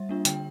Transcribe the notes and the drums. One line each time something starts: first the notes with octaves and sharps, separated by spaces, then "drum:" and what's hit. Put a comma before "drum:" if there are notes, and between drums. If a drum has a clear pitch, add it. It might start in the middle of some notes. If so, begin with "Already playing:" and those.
Already playing: G3 E5
A#3 D4 F4
D3 G5, drum: hi-hat